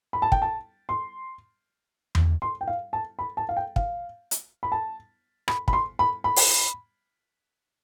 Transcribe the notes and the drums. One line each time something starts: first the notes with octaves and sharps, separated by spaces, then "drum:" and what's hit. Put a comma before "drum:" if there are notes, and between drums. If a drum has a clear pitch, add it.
B5
A5
G5, drum: kick
A5
C6
drum: tom E2
C6
G5
F5
A5
B5
A5
F5
G5
F5, drum: kick
drum: hi-hat
B5
A5
B5, drum: rim click
B5, drum: kick
C6
B5
B5
drum: open hi-hat